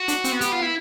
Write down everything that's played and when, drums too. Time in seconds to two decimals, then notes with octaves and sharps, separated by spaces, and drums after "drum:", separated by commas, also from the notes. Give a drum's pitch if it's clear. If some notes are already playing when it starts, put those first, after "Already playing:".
Already playing: F#4
0.08 D4, drum: hi-hat
0.24 C4, drum: hi-hat
0.32 B3
0.41 G4, drum: hi-hat
0.52 F4
0.63 E4